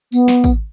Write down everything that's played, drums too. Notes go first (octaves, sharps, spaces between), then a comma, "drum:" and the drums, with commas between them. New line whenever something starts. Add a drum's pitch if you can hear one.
B3, drum: tambourine
drum: snare
drum: kick, tambourine